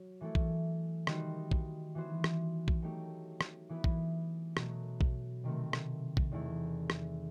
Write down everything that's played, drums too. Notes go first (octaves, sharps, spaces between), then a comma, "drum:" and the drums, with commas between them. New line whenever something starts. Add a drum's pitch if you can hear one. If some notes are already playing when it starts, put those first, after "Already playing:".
Already playing: F#3
E3 A3 E4 A4
drum: kick A#1
D#3 G3 D#4 F#4 C5, drum: rim click
drum: kick A#1
E3 B3 F#4 C5
drum: rim click
drum: kick A#1
F#3 A3 D#4 G4
drum: rim click
E3 B3 E4 B4
drum: kick A#1
B2 F#3 A3, drum: rim click
drum: kick A#1
C3 D#3 A3 C4
drum: rim click
drum: kick A#1
E2 D#3 A3 E4
drum: rim click